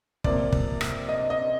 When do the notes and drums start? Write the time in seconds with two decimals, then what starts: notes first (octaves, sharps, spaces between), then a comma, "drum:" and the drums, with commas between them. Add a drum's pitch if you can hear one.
0.24 C3 F3 A#3 D5, drum: kick
0.52 drum: kick
0.81 drum: rim click
1.09 D#5
1.30 D#5